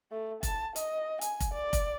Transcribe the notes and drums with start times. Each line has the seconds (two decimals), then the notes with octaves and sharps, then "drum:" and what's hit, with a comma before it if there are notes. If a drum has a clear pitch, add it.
0.12 A3
0.43 A5, drum: kick F1, hi-hat
0.76 D#5, drum: hi-hat
1.21 G#5, drum: hi-hat
1.40 drum: kick F1, hi-hat
1.53 D5
1.73 drum: kick F1, hi-hat